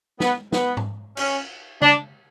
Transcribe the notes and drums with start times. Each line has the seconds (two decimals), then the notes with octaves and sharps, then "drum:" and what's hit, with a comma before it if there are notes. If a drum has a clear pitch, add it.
0.20 B3, drum: snare
0.52 B3, drum: snare
0.77 drum: tom G#2
1.17 C#4, drum: cymbal
1.82 D4, drum: tom C#3